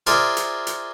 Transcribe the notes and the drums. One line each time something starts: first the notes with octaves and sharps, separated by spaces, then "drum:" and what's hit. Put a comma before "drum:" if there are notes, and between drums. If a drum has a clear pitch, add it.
F4 G#4 A#4 C5 D5 E5, drum: hi-hat
drum: hi-hat
drum: hi-hat